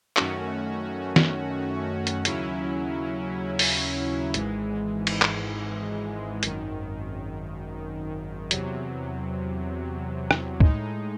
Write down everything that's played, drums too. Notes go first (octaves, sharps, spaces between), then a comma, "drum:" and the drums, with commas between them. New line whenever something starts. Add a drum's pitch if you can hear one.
F#2 D#3 A3 C#4 F#4, drum: clap
drum: snare
drum: hi-hat
D#2 C#3 F#3 C#4 E4, drum: hi-hat
drum: open hi-hat
G#1 G#2 E3 G#3, drum: hi-hat
drum: cymbal
drum: clap
G#1 F#2 D#3, drum: hi-hat
E2 C3 F#3, drum: hi-hat
drum: rim click
A2 G#3 D#4, drum: kick